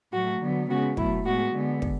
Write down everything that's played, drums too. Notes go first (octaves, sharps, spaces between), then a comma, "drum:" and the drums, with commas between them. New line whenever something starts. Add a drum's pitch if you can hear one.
A2 F#3 A3 F#4
D3 F#3 B3
C#3 G#3 B3 F#4
B2 F#3 A3 E4, drum: kick
A2 G#3 B3 F#4
D3 G#3 B3
drum: kick